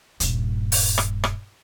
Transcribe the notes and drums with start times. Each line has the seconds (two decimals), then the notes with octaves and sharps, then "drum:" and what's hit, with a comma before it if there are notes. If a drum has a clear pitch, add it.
0.20 D#1 G2, drum: hi-hat
0.72 drum: open hi-hat
0.98 drum: rim click
1.24 drum: rim click